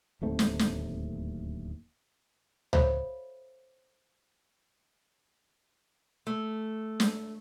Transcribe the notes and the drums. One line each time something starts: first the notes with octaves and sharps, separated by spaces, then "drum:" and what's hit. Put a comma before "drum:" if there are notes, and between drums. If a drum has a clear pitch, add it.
D1 D#2 A3 C4
drum: snare
drum: snare
A4 C5 C#5 E5 F5 B5, drum: tom C#2
A3
drum: snare